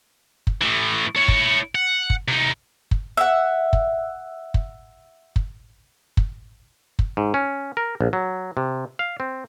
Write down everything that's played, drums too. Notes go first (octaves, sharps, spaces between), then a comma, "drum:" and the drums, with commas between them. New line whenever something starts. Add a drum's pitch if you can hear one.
drum: kick
A2 E3
E4 C#5
drum: kick
F#5
drum: kick
C3 D#4
drum: kick
E5 F#5
drum: kick
drum: kick
drum: kick
drum: kick
drum: kick
G#2
C#4
A#4
A#1
F#3
C3
F5
C4